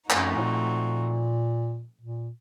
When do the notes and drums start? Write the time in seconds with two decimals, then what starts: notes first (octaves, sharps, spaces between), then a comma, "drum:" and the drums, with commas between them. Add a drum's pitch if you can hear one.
0.10 F#2 F3 A3 C4 D#4 F#4, drum: clap
0.37 A2
0.42 A#2
2.01 A#2